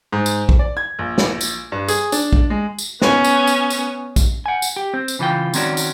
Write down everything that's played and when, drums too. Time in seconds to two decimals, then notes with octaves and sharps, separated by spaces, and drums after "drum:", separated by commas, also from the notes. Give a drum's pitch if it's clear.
0.13 G#2
0.26 drum: tambourine
0.49 drum: kick
0.59 D5
0.77 G#6
0.99 A#1
1.18 drum: snare
1.41 drum: tambourine
1.72 G2
1.88 G#4, drum: tambourine
2.12 D4, drum: tambourine
2.33 drum: kick
2.50 G#3
2.79 drum: tambourine
3.01 B3 C#4, drum: snare
3.24 drum: tambourine
3.47 drum: tambourine
3.70 drum: tambourine
4.16 drum: kick, tambourine
4.46 F#5 G#5
4.62 drum: tambourine
4.76 G4
4.94 C4
5.08 drum: tambourine
5.19 C#3 E3 F4 G5
5.54 D#3 C4 C#4 F#4 D5, drum: tambourine
5.77 drum: tambourine